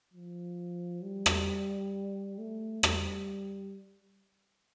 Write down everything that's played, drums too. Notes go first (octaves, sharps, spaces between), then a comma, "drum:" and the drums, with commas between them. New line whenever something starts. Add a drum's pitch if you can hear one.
F3
G3
drum: rim click
A3
G3, drum: rim click